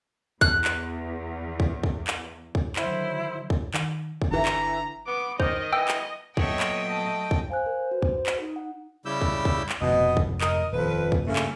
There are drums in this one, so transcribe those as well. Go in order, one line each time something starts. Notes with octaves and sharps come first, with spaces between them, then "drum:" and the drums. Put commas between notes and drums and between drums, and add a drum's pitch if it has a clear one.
E2 F#6, drum: kick
drum: clap
drum: kick
drum: kick
drum: clap
drum: kick
D3 D#3 F#3 E4 C5, drum: clap
drum: kick
D#3, drum: clap
drum: kick
G1 D3 E3 E4 A#5
drum: clap
B3 D6
D#3 C5 D#5, drum: kick
E3 B3 G5 E6
drum: clap
A#2 F#3 B3 A4 C#5 D#5 E5 G5, drum: kick
drum: clap
A3
drum: kick
C5 F5 G#5 F#6
A#4
F#4 B4
drum: kick
drum: clap
D#4
F#5
C#3 G3 E4 G4 E6 G6
drum: kick
drum: kick
drum: clap
F1 F2 G#2 B2 D#5
drum: kick
A#4 D#5, drum: clap
D#1 F2 B4
drum: kick
G2 C#3 A3 A#3
drum: clap